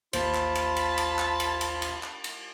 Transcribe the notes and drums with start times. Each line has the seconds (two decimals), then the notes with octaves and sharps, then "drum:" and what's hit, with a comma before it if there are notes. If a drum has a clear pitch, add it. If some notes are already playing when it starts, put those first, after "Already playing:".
0.13 A1 D#2 F4 C5 A5 B5, drum: cymbal
0.34 drum: clap
0.55 drum: cymbal
0.76 drum: cymbal
0.98 drum: cymbal
1.19 drum: clap
1.40 drum: cymbal
1.61 drum: cymbal
1.82 drum: cymbal
2.03 drum: clap
2.24 drum: cymbal